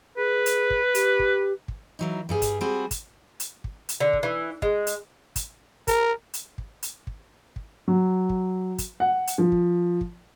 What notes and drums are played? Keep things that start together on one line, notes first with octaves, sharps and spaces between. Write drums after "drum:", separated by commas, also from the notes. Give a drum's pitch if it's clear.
G#4 B4
drum: hi-hat
drum: kick
G4, drum: hi-hat
drum: kick
drum: kick
E3 F#3 D#4
G2 G3 G#4
drum: kick, hi-hat
G3 C4 F#4 G#4
drum: kick, hi-hat
drum: hi-hat
drum: kick
drum: hi-hat
D3
drum: kick
E3
G#3, drum: kick
drum: hi-hat
drum: kick, hi-hat
A#4, drum: kick, hi-hat
drum: hi-hat
drum: kick
drum: hi-hat
drum: kick
drum: kick
F#3
drum: kick
drum: kick, hi-hat
F#5
drum: hi-hat
F3
drum: kick
drum: kick